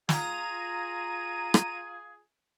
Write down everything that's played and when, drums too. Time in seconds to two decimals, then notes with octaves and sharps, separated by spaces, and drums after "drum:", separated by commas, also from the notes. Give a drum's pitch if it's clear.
0.09 F4 G#4 A#5 D#7, drum: snare
1.54 drum: rim click